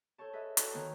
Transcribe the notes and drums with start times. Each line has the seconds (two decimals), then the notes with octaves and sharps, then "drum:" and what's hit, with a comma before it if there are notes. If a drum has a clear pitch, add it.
0.18 A4 C5 C#5 A5
0.33 G#4 A4 B4 D#5 E5
0.57 F#4 A4 G5, drum: hi-hat
0.72 D#2 D#3 B3 C#5 A#5 D#6